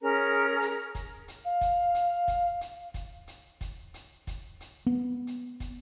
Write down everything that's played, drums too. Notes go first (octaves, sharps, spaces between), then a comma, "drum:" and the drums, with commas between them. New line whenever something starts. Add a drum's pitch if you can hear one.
C#4 G#4 A#4 A#5
drum: hi-hat
drum: kick, hi-hat
drum: hi-hat
F5
drum: kick, hi-hat
drum: hi-hat
drum: kick, hi-hat
drum: hi-hat
drum: kick, hi-hat
drum: hi-hat
drum: kick, hi-hat
drum: hi-hat
drum: kick, hi-hat
drum: hi-hat
B3
drum: hi-hat
drum: kick, hi-hat